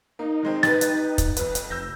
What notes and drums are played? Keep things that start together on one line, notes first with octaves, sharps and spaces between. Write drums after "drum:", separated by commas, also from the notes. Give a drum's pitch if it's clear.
A#3 D#4
D#3 G#3 C4
G4 B4 A6, drum: snare
drum: hi-hat
drum: kick, hi-hat
F2 B4, drum: hi-hat
drum: hi-hat
F1 E6 G6 A#6